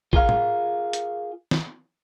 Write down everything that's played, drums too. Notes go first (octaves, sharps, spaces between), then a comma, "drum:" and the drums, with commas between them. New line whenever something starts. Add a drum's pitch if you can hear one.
F4 G#4 A#4 F5, drum: kick A#1
drum: tom A2
drum: hi-hat
drum: snare